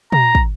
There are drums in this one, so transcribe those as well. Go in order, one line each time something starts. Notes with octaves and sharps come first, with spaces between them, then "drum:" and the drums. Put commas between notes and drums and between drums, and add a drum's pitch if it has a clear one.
A#5, drum: tom
drum: kick